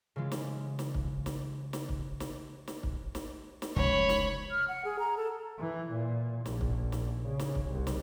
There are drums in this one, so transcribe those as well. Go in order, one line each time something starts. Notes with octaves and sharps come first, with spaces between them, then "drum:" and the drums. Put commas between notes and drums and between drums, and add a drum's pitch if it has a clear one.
C#3 E3 G#3 F4
drum: snare
drum: snare
drum: kick
drum: snare
drum: snare
drum: kick
drum: snare
drum: snare
drum: kick
drum: snare
drum: snare
F1 C#2 C#5 B5, drum: kick
drum: snare
F6
F#5
G#4
A#5
A4
E3
A#2
A#1, drum: snare
drum: kick
drum: snare
C#3
drum: snare
drum: kick
C2
drum: snare